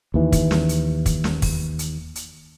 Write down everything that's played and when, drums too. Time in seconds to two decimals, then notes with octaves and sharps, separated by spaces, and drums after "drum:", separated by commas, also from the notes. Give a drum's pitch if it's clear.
0.14 D#2 E3
0.32 drum: kick, hi-hat
0.51 drum: snare
0.69 drum: hi-hat
1.06 drum: kick, hi-hat
1.24 drum: snare
1.42 drum: kick, open hi-hat
1.79 drum: hi-hat
2.15 drum: hi-hat